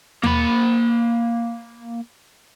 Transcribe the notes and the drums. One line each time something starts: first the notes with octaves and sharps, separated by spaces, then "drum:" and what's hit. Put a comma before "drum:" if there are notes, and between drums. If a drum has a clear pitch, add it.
A#3 B5, drum: tom D#2